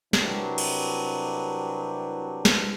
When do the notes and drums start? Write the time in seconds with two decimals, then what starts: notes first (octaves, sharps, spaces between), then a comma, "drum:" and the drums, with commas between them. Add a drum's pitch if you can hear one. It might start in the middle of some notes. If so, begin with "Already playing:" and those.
0.13 C2 C3 E3 F#3 D4 G4, drum: snare
0.58 drum: cymbal
2.45 drum: snare